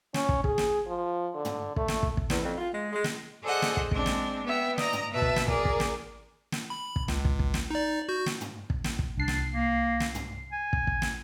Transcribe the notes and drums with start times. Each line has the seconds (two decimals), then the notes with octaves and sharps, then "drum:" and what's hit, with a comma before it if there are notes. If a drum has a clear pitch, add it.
0.14 C#4, drum: snare
0.29 drum: kick
0.44 G#4, drum: kick
0.58 drum: snare
0.87 F3
1.34 D3
1.45 drum: tom
1.76 A3, drum: kick
1.88 drum: snare
2.03 drum: kick
2.17 drum: kick
2.30 E2, drum: snare
2.42 F2
2.58 F4
2.72 G#3
2.93 G#3
3.04 drum: snare
3.43 G#4 A4 C5 D5 D#5 F#5
3.62 drum: snare
3.77 drum: kick
3.91 G#3 C4 D4, drum: kick
4.06 drum: snare
4.45 B3 E5 G5
4.78 D5 D#5 A#5, drum: snare
4.93 drum: tom
5.12 B2 B4 E5 A5
5.22 drum: kick
5.36 drum: snare
5.48 G#4 A#4 D5, drum: kick
5.65 drum: kick
5.80 drum: snare
6.52 drum: snare
6.70 B5
6.96 drum: kick
7.08 C#2, drum: snare
7.25 drum: kick
7.39 drum: kick
7.54 drum: snare
7.71 D#4 D5
8.09 F#4 G6
8.26 drum: snare
8.41 drum: tom
8.70 drum: kick
8.84 drum: snare
8.99 drum: kick
9.17 C2 D4 C7
9.28 drum: snare
9.51 A#3
10.00 drum: snare
10.15 drum: tom
10.52 G#5
10.73 drum: kick
10.87 drum: kick
11.02 drum: snare